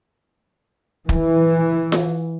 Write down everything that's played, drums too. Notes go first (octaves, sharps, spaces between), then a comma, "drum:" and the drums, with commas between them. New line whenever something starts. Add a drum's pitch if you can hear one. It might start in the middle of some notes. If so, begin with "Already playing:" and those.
E3, drum: kick
drum: snare F4